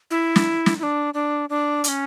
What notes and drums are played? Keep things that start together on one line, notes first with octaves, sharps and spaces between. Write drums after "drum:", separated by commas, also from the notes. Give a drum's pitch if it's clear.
E4
drum: snare
drum: snare
E4
D4
D4
D4
D4, drum: hi-hat
C#4